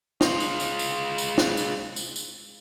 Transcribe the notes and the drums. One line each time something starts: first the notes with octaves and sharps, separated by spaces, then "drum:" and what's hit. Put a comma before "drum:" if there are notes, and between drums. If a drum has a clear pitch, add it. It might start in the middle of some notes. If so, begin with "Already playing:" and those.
G#3 F4, drum: snare
drum: tambourine
drum: tambourine
drum: tambourine
drum: tambourine
drum: snare
drum: tambourine
drum: tambourine
drum: tambourine